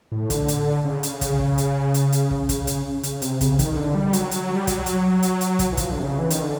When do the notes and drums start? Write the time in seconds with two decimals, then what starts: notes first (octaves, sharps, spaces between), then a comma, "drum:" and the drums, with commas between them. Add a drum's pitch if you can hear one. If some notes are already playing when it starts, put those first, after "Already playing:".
0.12 A2
0.30 D3, drum: kick, hi-hat
0.48 drum: hi-hat
0.85 C#3
1.03 drum: hi-hat
1.21 drum: kick, hi-hat
1.39 drum: kick
1.58 drum: hi-hat
1.94 drum: hi-hat
2.12 drum: hi-hat
2.31 drum: kick
2.49 drum: kick, hi-hat
2.67 drum: hi-hat
3.03 C#3, drum: hi-hat
3.22 C3, drum: hi-hat
3.41 C#3, drum: kick, hi-hat
3.59 D#3, drum: kick, hi-hat
3.76 D3
3.95 G3
4.13 F#3, drum: hi-hat
4.31 drum: hi-hat
4.56 G3
4.67 F#3, drum: kick, hi-hat
4.86 drum: hi-hat
5.23 drum: hi-hat
5.41 drum: hi-hat
5.59 drum: kick, hi-hat
5.72 E3
5.77 F3, drum: kick, hi-hat
5.92 D3
6.00 C3
6.04 C#3
6.19 E3
6.30 D#3, drum: hi-hat
6.42 D3